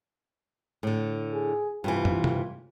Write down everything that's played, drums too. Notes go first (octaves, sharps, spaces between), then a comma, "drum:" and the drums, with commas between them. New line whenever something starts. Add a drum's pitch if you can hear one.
A2 D3
G#4
G2 C3 E3 F4
drum: tom
drum: tom C3